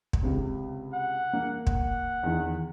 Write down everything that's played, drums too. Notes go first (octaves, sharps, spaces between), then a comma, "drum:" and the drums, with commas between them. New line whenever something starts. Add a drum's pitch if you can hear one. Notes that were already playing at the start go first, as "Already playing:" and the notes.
drum: kick
C#2 C3
F#5
A#3
F#5, drum: kick
E2 D#3